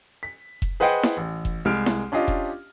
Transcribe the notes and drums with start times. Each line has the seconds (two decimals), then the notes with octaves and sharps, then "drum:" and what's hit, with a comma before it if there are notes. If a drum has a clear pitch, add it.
0.23 B6
0.62 drum: kick F1
0.80 G#4 B4 C5 D#5 F#5 G5
1.03 drum: snare E4
1.17 A1
1.45 drum: kick F1
1.65 C2 G#3 F6 D7
1.86 drum: snare E4
2.12 C#4 D4 F4 G4 D#5
2.28 drum: kick F1